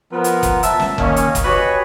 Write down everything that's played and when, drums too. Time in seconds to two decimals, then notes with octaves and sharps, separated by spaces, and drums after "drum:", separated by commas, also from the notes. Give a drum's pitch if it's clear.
0.12 F3 B3 A#4
0.24 drum: hi-hat
0.43 drum: kick F#1, hi-hat
0.63 E5 A5, drum: hi-hat
0.80 drum: snare
0.98 D#3 A#3 C#4, drum: kick F#1
1.16 drum: hi-hat
1.35 drum: kick F#1, hi-hat
1.45 F#4 G4 B4 C#5 D#5 G#5